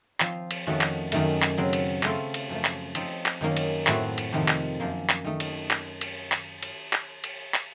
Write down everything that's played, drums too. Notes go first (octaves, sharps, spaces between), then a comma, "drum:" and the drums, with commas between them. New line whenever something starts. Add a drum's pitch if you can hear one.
F3 C4 F4 C5, drum: clap
drum: cymbal
F2 D#3 A3 C#4 F#4
drum: clap
F#2 D#3 A3, drum: cymbal
drum: clap
C#3 F#3 C4
drum: cymbal
C#3 A3 C4 F4 A4, drum: clap
drum: cymbal
F#2 F3 A3
drum: clap
F3 C4 D#4, drum: cymbal
drum: clap
F#2 D#3 A#3 C#4
drum: cymbal
A2 A3 C4 F#4, drum: clap
drum: cymbal
F2 C3 D#3
drum: clap
F#2 F3 A#3
drum: clap
D#3 A3 D#4
drum: cymbal
drum: clap
drum: cymbal
drum: clap
drum: cymbal
drum: clap
drum: cymbal
drum: clap